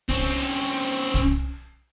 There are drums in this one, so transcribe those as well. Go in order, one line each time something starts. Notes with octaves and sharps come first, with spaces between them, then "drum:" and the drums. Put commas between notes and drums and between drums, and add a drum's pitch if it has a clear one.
C4 C#4, drum: kick C2
drum: kick C2